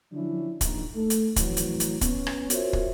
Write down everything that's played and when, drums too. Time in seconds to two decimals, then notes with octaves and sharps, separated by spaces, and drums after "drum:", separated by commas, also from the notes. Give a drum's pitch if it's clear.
0.12 D3 F3 F#3 C#4 D4 E4
0.61 A#1 D#4, drum: kick, hi-hat
0.96 A3 A4
1.10 drum: hi-hat
1.36 F2 A2 E3 F#3, drum: kick, hi-hat
1.57 drum: hi-hat
1.80 drum: hi-hat
2.01 B3 C#4, drum: kick, hi-hat
2.27 drum: rim click
2.50 F4 F#4 A#4 C5 C#5 E5, drum: hi-hat
2.73 drum: kick